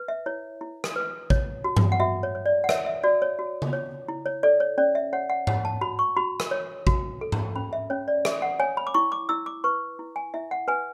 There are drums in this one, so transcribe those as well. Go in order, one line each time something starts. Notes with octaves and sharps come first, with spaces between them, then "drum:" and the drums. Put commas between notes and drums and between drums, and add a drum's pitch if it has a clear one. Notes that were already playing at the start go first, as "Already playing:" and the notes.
Already playing: B4
E5
E4 C#5
E4
drum: rim click
B4
C#5, drum: kick A1
F#4
drum: tom G2
F#5
F#4 E5
C#5
C#5
D5
F#5
C#5 E5, drum: rim click
E5
F#4 D5
C#5
F#4
drum: tom C#3
C#5
E4
C#5
A4 D5
C#5
C#4 D5
E5
C#5 F#5
F#5
C#5 F#5, drum: tom G#2
A5
F#4 B5
C#6
F#4 B5
drum: rim click
C#5
F#4, drum: kick A1
A4
drum: tom G#2
C#4 B5
E5
C#4 C#5
D5
G#4 E5, drum: rim click
F#5
C#5 G#5
B5
D6
E4 C#6
D6
E4 E6
D6
B4 C#6
E4
G#5
E4 E5
F#5
B4 G#5